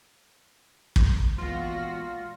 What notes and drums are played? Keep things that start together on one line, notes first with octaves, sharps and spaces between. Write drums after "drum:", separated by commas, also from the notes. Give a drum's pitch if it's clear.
drum: kick
A#2 E3 G#3 B3 F4 F#4 A#6